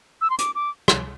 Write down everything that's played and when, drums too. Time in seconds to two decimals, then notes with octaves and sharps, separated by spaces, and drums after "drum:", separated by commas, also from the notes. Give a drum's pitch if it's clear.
0.21 E6
0.30 C6
0.38 D6, drum: hi-hat
0.55 D6
0.88 drum: rim click